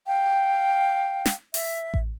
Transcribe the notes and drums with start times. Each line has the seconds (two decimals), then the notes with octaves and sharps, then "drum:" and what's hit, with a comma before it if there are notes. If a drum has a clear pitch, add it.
0.07 F5 G5
1.26 drum: snare
1.54 E5, drum: open hi-hat
1.94 drum: kick A1